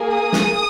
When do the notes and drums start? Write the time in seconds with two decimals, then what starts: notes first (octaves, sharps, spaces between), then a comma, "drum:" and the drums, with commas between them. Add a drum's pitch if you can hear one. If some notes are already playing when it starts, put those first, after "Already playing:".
Already playing: A#3 G#4
0.13 D#6
0.33 drum: snare